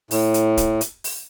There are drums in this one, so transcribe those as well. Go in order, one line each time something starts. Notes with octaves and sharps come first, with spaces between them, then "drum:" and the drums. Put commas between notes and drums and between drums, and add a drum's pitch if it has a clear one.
A2, drum: open hi-hat
drum: hi-hat
drum: kick, hi-hat
drum: hi-hat
drum: open hi-hat